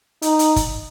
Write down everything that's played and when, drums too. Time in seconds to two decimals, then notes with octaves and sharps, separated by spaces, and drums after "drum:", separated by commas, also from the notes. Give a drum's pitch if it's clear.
0.22 D#4, drum: hi-hat
0.39 drum: hi-hat
0.56 drum: kick, hi-hat